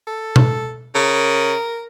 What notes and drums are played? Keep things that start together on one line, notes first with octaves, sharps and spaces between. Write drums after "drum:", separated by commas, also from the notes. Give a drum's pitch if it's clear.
A4
drum: tom B2
C#3 A#4